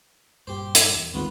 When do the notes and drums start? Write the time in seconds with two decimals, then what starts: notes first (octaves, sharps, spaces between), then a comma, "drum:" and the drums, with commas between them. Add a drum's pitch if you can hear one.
0.47 G2 A#2 G4 C5
0.75 drum: hi-hat
0.95 E2
1.14 G#1 D2 A#2 B3 F4 B4